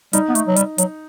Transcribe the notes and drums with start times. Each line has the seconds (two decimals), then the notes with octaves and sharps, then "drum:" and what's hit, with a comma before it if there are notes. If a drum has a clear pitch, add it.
0.13 G3 D#4, drum: hi-hat
0.29 B3
0.35 A3, drum: hi-hat
0.47 F#3
0.56 G3, drum: hi-hat
0.78 F#3, drum: hi-hat